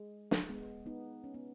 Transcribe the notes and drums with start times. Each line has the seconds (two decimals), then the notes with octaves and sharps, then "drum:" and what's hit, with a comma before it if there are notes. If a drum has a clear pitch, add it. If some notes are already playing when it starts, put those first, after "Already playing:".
Already playing: G#3
0.31 drum: snare
0.49 G#3 B3
0.86 B3 D#4
1.24 C#4
1.34 B3